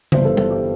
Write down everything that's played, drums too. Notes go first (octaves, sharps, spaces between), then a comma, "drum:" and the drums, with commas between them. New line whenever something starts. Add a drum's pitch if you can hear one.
G1 G2 E3 C5, drum: tom C#3
A4
A4, drum: tom G3
G4